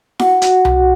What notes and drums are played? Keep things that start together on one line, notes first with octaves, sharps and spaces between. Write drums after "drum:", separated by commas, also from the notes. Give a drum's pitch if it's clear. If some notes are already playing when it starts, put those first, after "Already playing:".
F#4 F#5, drum: snare E4
F#4, drum: hi-hat
F#4, drum: tom C2